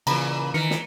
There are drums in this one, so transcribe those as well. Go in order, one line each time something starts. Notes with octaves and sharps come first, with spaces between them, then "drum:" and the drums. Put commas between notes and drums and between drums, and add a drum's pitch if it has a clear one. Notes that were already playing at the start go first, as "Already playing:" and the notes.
A#2 C#3 E3 A#5 B5, drum: cymbal
D#3 E3 A#4 C#7
drum: snare